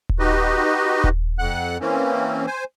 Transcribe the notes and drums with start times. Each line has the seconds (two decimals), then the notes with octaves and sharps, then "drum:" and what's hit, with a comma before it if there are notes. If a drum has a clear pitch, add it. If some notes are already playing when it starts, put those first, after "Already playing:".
0.09 drum: kick D#1
0.19 D#4 F#4 G4 B4 D#5
1.04 drum: kick D#1
1.39 F2 F#5 F#6
1.81 E3 A#3 C4 C#4
2.47 C5 G#5